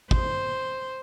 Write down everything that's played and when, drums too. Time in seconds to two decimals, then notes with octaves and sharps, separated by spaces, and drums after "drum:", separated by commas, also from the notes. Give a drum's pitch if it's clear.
0.11 C5, drum: kick G#1